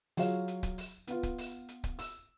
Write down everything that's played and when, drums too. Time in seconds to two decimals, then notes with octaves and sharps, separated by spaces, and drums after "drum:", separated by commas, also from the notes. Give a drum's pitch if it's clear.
0.17 F#3 F4 G#4 C#5 F5, drum: open hi-hat
0.48 drum: hi-hat
0.63 drum: kick C#1, hi-hat
0.78 drum: open hi-hat
1.07 B3 F4, drum: hi-hat
1.23 drum: kick C#1, hi-hat
1.38 drum: open hi-hat
1.69 drum: hi-hat
1.84 drum: kick C#1, hi-hat
1.99 E6, drum: open hi-hat